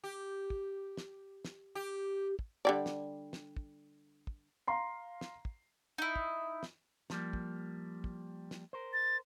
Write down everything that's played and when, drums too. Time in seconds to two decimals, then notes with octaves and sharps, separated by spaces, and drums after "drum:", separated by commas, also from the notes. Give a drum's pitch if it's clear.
0.04 G4
0.50 drum: kick
0.97 drum: snare
1.45 drum: snare
1.75 G4
2.39 drum: kick
2.65 D3 G3 D5
2.86 drum: snare
3.33 drum: snare
3.57 drum: kick
4.27 drum: kick
4.68 F5 A#5 C6 C7
5.21 drum: snare
5.45 drum: kick
5.98 D#4 E4
6.16 drum: kick
6.63 drum: snare
7.10 F3 G3 A#3, drum: snare
7.33 drum: kick
8.04 drum: kick
8.51 drum: snare
8.73 A#4 C5
8.93 A6